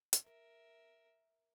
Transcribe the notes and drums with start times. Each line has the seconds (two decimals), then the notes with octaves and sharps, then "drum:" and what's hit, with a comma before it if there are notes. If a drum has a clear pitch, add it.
0.13 drum: hi-hat
0.24 A#4 E5